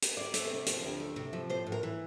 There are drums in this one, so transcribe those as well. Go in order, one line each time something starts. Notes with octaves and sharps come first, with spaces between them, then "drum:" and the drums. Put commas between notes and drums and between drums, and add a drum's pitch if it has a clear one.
drum: hi-hat
D2 D5
A3, drum: hi-hat
C3
F3, drum: hi-hat
D2
A3
C3
F3
A2 C5
A2
A#4
E3